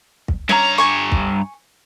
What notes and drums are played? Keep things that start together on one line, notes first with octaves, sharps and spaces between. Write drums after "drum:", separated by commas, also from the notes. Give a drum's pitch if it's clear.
drum: kick
G2 C#4 A#5
G#5 C#6
drum: kick